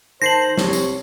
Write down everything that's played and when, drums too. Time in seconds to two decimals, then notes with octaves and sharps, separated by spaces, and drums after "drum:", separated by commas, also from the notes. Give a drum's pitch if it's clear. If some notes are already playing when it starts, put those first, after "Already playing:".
0.22 D#3 C5 A5 A#6 C7 F#7
0.58 C2 C#5, drum: snare
0.73 drum: tambourine